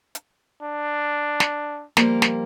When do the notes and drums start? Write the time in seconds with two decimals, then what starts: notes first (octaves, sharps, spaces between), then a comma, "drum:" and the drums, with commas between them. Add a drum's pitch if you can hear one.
0.15 drum: hi-hat
0.62 D4
1.40 drum: snare
1.97 F3 G3 A#3, drum: snare
2.22 drum: snare